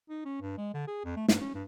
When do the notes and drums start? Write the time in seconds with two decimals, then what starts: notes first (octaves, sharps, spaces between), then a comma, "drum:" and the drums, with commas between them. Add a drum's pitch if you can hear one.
0.10 D#4
0.25 C#4
0.42 G2
0.58 G#3
0.74 D3
0.88 G#4
1.05 F2
1.17 A3
1.28 G2, drum: snare
1.41 C#4
1.54 G2